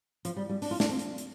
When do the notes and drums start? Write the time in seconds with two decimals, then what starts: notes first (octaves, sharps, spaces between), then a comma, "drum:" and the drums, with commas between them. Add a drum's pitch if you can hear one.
0.25 F3, drum: hi-hat
0.37 G3
0.49 G3
0.62 D4, drum: open hi-hat
0.71 F4
0.80 D4, drum: snare
0.89 C4
0.99 drum: hi-hat
1.18 drum: hi-hat